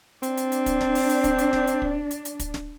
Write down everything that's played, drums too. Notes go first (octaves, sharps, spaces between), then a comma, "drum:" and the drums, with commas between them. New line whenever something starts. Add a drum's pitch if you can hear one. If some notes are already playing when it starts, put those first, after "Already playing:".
C4 D4, drum: hi-hat
drum: hi-hat
drum: hi-hat
drum: kick, hi-hat
drum: snare
drum: open hi-hat
drum: hi-hat
drum: kick, hi-hat
drum: hi-hat
drum: snare
drum: hi-hat
drum: kick
drum: hi-hat
drum: hi-hat
drum: kick, hi-hat
drum: snare